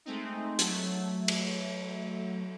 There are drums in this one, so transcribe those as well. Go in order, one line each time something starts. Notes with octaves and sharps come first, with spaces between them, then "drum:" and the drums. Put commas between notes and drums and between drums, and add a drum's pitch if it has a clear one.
G#3 A3 C4 D#4
F#3 A3, drum: hi-hat
drum: cymbal